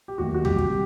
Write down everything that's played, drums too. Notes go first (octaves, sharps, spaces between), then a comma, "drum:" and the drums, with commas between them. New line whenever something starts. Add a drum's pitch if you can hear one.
G4
D#2 D#3 F#3 A3 F#4
F#4
C2 G4, drum: tom D#2
drum: kick